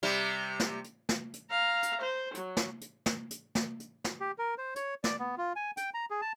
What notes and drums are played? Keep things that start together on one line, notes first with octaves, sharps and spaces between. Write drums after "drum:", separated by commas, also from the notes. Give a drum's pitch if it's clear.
C3 G3
drum: snare
drum: hi-hat
drum: snare
drum: hi-hat
F5 A#5
drum: hi-hat
C5
F#3, drum: hi-hat
drum: snare
drum: hi-hat
drum: snare
drum: hi-hat
drum: snare
drum: hi-hat
drum: snare
G4
A#4
C5
C#5, drum: hi-hat
D5, drum: snare
B3
F4
G#5
G5, drum: hi-hat
A#5
G#4
A5